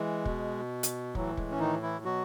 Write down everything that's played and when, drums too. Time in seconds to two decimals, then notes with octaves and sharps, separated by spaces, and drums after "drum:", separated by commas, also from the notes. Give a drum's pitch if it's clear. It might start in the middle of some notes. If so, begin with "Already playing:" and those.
Already playing: E3 G#3
0.25 B2, drum: kick
0.83 drum: hi-hat
1.15 A2 E3 F#3, drum: kick
1.37 G#3, drum: kick
1.51 C#4
1.59 D#3 D#4
1.82 E3 E4
2.04 B2 F#3 F#4